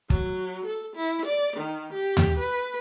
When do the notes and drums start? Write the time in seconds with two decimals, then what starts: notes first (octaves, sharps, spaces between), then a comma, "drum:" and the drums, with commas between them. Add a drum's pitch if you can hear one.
0.10 F#3, drum: kick
0.65 A4
0.96 E4
1.26 D5
1.57 D#3
1.93 G4
2.17 drum: tom D#2
2.39 B4